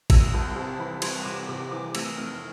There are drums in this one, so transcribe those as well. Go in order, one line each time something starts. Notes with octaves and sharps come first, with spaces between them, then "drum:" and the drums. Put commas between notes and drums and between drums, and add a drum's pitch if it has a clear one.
C2 E6, drum: kick A1, cymbal
C2 A5
C3 A5
E3 B5
C2 C6, drum: cymbal
C2 D6
C3 D6
E3 D6
A3 E6, drum: cymbal
F1 F6